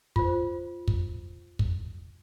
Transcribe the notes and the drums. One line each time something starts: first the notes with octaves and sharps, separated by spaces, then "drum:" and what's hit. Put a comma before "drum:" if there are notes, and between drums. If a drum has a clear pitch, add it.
F4 C5, drum: kick
drum: kick
drum: kick